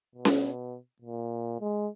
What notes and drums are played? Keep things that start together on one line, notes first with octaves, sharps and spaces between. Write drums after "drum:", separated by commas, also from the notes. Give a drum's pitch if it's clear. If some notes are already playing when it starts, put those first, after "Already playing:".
B2
drum: snare C#4
A#2
G#3